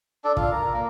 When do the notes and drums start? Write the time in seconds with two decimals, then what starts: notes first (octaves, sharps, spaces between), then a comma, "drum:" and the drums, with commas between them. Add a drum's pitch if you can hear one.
0.25 D4 A4 D5
0.37 F4, drum: kick
0.52 A#4
0.74 A#3